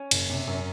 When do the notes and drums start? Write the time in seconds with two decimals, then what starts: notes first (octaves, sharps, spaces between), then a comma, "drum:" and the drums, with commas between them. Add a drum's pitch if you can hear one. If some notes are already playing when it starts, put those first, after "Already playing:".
Already playing: C#4
0.11 F#1, drum: cymbal
0.30 C3
0.47 F#2